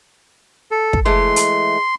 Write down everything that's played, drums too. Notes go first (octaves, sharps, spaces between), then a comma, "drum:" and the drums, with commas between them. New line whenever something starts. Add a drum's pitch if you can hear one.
A4
drum: kick
E3 G#3 A3 C6
drum: hi-hat